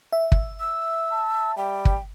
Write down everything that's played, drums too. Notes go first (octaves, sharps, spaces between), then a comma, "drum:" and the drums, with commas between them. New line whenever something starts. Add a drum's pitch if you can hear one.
E5
drum: kick
E6
A5
G3 G5
drum: kick